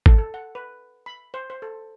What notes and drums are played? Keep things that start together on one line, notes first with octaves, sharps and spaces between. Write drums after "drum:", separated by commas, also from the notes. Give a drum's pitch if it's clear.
A4, drum: kick G#1
A4
F#5
B4
B5
C5
C5
A4